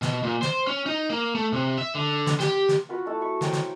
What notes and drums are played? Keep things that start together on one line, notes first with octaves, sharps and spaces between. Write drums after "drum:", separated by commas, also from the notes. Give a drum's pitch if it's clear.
B2, drum: snare
A#2
C5, drum: snare
C#4
D#4
A#3
A3
C3
E5
D3
drum: snare
G4, drum: snare
drum: snare
F4 F#4 B4
A3 E4 F#5 A5
B5 C#6
C5 C#5 G5 A#5, drum: snare
drum: snare